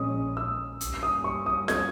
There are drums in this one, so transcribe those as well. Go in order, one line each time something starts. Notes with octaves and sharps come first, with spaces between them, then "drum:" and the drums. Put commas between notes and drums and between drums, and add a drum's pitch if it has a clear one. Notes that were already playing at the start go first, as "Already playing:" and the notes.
Already playing: A#1 A#2 G#3 C#4 D#6
E6
G2 G3 A#3 C#4, drum: hi-hat
D#6
C#6
D#6
G#6, drum: snare F4